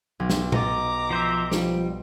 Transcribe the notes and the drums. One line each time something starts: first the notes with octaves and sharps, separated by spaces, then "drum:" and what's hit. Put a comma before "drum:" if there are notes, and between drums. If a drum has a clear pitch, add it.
B1 G#6
drum: snare
D#5 A#5 D6 A6, drum: tom A#2
F3 C5 E5
F3 G3, drum: snare